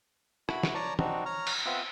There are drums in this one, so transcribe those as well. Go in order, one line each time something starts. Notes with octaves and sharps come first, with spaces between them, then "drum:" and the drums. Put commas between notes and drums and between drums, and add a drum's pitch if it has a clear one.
E4 F#4 B5, drum: rim click
drum: snare
C#5 D5 A5 A#5
C4 D4 D#4 F#4, drum: tom
C#5 A#5 F6
drum: cymbal
B3 C4 F4 E5 D#6